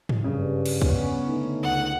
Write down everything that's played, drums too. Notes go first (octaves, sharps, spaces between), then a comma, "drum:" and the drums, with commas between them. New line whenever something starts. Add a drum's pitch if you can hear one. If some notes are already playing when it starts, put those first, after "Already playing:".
drum: tom G#2
F#1 G2 C#3
drum: cymbal
B3 C#4, drum: kick
D3 A3 D#4
C#2 F#5